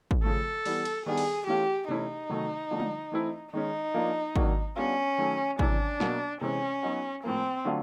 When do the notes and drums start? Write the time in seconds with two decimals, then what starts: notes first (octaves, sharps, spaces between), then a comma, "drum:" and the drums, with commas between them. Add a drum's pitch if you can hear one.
0.11 drum: kick
0.24 C#3 F3 A3 A4
0.65 E3 G3 B3, drum: open hi-hat
0.85 drum: cymbal
1.06 D#3 G3 B3 D4 G#4
1.17 drum: open hi-hat
1.47 E3 A3 C#4 F4 G4
1.88 C3 E3 A3 C#4 D#4 E4
2.29 C3 D#3 F#3 A3
2.71 D3 F3 A3 D4
2.80 drum: tom G3
3.12 E3 A3 C4 E4
3.53 D#3 G#3 C#4 D#4
3.94 F3 A#3 D4 F4
4.36 D#3 F#3 A#3 D4 F#4, drum: kick
4.76 G3 B3 C#4 D4 F4
5.18 D#3 F#3 A3
5.59 C3 E3 G3 D4, drum: kick
6.00 B2 F#3 A#3, drum: snare
6.41 C3 E3 G#3 C4 C#4
6.83 F#3 B3 D#4 F#4
7.24 A2 F3 A#3 C4
7.65 D3 F#3 A3 D4 F4